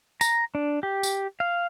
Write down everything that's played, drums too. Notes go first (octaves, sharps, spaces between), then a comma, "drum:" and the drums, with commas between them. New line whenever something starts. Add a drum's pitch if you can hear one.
A#5, drum: tambourine
D4
G4
drum: tambourine
F5